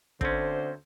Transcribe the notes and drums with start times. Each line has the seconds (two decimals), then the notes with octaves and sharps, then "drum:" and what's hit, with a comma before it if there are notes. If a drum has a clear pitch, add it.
0.21 D2 D3 C4 C#4 C5, drum: kick